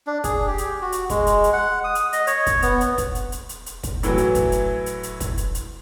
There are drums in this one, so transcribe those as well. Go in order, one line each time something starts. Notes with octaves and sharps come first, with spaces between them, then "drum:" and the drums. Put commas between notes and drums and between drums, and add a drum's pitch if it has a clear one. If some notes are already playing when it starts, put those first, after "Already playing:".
D4
G#4, drum: kick, hi-hat
G4
drum: hi-hat
F#4
drum: hi-hat
G#3, drum: kick, hi-hat
drum: hi-hat
drum: hi-hat
F#5
D#6
drum: hi-hat
D#5, drum: hi-hat
C#5, drum: hi-hat
drum: kick, hi-hat
B3, drum: hi-hat
drum: hi-hat
drum: kick, hi-hat
drum: hi-hat
drum: hi-hat
drum: hi-hat
drum: hi-hat
drum: kick, hi-hat
A2 E3 F#3, drum: hi-hat
drum: hi-hat
drum: kick, hi-hat
drum: hi-hat
drum: hi-hat
drum: hi-hat
drum: kick, hi-hat
drum: hi-hat
drum: hi-hat